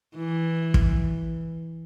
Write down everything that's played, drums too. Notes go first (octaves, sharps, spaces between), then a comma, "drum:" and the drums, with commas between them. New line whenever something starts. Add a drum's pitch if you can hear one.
E3
drum: kick